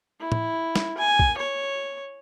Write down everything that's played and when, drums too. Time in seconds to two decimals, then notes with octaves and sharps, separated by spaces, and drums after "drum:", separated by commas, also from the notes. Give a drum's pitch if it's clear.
0.20 E4
0.32 drum: tom
0.76 drum: snare
0.97 G#5
1.19 drum: kick
1.38 C#5